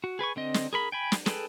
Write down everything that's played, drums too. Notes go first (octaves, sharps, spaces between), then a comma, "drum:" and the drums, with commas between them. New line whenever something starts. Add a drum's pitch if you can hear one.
F#4
G#4 B4 G#5 C#6
D3 C4 D#5
drum: snare
G#4 A#4 B5
G5 G#5 B5
drum: snare
G#4 A4 B4 G5, drum: snare